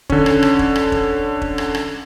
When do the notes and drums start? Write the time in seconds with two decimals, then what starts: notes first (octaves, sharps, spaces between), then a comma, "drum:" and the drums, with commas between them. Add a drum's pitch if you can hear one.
0.10 D3 C#4, drum: kick
0.26 drum: rim click
0.43 drum: rim click
0.59 drum: kick
0.76 drum: rim click
0.92 drum: kick
1.42 drum: kick
1.58 drum: rim click
1.75 drum: rim click